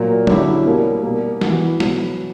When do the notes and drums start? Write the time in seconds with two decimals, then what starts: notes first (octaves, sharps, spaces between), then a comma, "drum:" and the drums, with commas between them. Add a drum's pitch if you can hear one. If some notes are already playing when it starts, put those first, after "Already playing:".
Already playing: A#2 F#3 A#3
0.27 D3 F#3 C#4 E4 G4, drum: tom
0.65 B2 G3 A#3
1.03 B2 G3 A#3
1.41 E3 B3 F#4, drum: snare
1.80 B2 F#3 B3, drum: snare